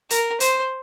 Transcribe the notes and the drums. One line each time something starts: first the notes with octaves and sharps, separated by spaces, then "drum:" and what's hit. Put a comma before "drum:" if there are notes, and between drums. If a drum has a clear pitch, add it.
A#4, drum: hi-hat
C5, drum: hi-hat